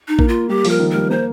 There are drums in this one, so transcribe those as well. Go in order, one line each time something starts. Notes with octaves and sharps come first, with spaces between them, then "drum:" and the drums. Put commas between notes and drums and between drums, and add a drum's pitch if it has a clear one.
D#4
A#3, drum: kick
F4
G3 G4
F3, drum: open hi-hat
A#4
D#3
A#4
G3
A#3 C5